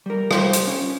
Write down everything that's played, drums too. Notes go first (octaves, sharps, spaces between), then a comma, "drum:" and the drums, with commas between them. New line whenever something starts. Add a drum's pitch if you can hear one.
G3 A#4
G3 F4 G4 C5, drum: rim click
drum: hi-hat
C#4